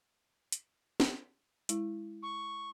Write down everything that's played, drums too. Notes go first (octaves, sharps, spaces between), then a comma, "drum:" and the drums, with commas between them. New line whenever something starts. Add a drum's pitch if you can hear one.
drum: hi-hat
drum: snare
G#3 E4, drum: hi-hat
C#6